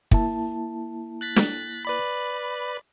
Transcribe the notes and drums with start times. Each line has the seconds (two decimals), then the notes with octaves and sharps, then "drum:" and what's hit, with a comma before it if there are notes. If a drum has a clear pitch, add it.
0.11 A#3 E4 A5, drum: kick
1.21 F#6 A6 B6
1.36 drum: snare
1.85 B4 D5 B5